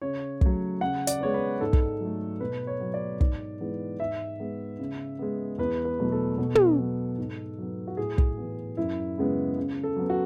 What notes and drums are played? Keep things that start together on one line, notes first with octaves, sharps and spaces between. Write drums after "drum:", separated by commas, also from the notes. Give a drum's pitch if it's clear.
C#3 C#5
F#3 A3, drum: kick
C#3 F#5
D5, drum: hi-hat
G#3 B3 C#5
B4
G#2 A4
drum: kick
F#3 A3
B2 B4
C#5
F#3 B3
D5
G#2, drum: kick
E3 G#3 B3
G#2 E5
G#3 B3
C#3
G#3 B3
E2 B4
B4
B2 F#3 A3
A4
B2
drum: tom
F#3 B3
G#2
F#3 B3
F#4
A2 G#4
drum: kick
E3 B3
F#2 E4
C#3 G#3 B3
C#3
A4
F#3 B3
F#4